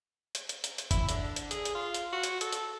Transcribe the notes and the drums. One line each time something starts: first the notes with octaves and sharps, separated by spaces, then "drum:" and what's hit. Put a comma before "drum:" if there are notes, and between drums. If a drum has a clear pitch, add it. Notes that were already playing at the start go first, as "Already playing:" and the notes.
drum: hi-hat
drum: hi-hat
drum: hi-hat
drum: hi-hat
E4, drum: kick F#1, hi-hat
D3, drum: hi-hat
drum: hi-hat
G#4, drum: hi-hat
drum: hi-hat
F4
drum: hi-hat
F#4
drum: hi-hat
A4, drum: hi-hat
drum: hi-hat